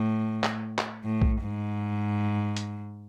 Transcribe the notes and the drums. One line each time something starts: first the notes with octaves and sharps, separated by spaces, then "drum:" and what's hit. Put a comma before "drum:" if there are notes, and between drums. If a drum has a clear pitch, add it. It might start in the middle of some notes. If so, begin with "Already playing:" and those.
Already playing: A2
drum: clap
drum: clap
A2
drum: kick A#1
G#2
drum: hi-hat